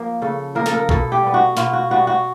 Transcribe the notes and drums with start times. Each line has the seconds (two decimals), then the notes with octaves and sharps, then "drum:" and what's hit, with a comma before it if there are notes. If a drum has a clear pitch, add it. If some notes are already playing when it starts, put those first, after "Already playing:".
Already playing: F3 A#3
0.22 C#3 A4
0.55 F3 A#3 A#4
0.66 A4, drum: snare
0.74 A#4
0.89 B2 A4, drum: kick A#1
1.12 G4
1.23 G3 B3
1.34 F#4
1.57 B2 F4, drum: snare
1.73 F#4
1.91 G3 B3 F#4
2.07 F#4